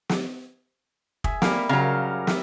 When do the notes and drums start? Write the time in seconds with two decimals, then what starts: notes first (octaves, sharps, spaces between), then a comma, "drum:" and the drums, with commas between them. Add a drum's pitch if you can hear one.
0.09 drum: snare
1.24 G#4 E5, drum: kick
1.42 G3 A#3, drum: snare
1.69 C#3 F#3 A#4 F5
2.27 E5, drum: snare